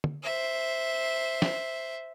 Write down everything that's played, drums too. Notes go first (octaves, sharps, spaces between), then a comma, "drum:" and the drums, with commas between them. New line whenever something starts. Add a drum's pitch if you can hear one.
drum: tom
C5 E5
drum: snare